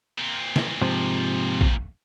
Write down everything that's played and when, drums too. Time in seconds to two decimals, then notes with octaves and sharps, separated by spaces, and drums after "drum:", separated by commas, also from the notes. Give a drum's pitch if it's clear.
0.18 A#2 C4
0.56 drum: snare
0.81 G#2 C3 F3
1.61 drum: kick